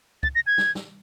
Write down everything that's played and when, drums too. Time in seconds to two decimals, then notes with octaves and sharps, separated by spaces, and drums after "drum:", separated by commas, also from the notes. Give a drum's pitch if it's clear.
0.23 A6, drum: kick
0.35 A#6
0.47 G#6
0.58 drum: snare
0.75 drum: snare